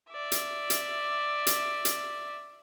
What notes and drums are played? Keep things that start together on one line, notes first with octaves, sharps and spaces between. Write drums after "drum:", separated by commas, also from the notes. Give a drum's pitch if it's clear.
D5 E5
drum: hi-hat
drum: hi-hat
drum: hi-hat
drum: hi-hat